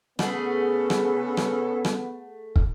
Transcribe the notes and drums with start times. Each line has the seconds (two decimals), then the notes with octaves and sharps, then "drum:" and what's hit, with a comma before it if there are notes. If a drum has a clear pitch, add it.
0.19 C#3 A3 B3 C#4 G#4 A4 F#5, drum: rim click
0.90 drum: rim click
1.37 drum: rim click
1.85 drum: rim click
2.56 drum: kick